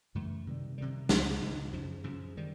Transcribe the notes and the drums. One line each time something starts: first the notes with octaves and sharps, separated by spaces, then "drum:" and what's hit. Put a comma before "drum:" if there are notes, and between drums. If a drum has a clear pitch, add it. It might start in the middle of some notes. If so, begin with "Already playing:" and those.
F#2 C#3 E3 A3
C3 D#3 G3
C3 D#3 G3
C#2 B2 G#3, drum: snare
C#2 B2 G#3
F#2 C#3 F3
F#2 C#3 F3
D#3 G3